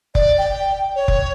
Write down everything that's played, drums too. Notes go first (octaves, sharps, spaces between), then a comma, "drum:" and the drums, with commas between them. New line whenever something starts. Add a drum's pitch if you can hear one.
D5, drum: kick F1
G5
C#5
drum: kick F1